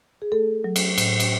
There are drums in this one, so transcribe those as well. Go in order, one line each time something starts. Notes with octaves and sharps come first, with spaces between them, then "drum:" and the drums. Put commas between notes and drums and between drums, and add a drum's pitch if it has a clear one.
G#4
A3 A4
F#3
drum: cymbal
A2, drum: cymbal
drum: cymbal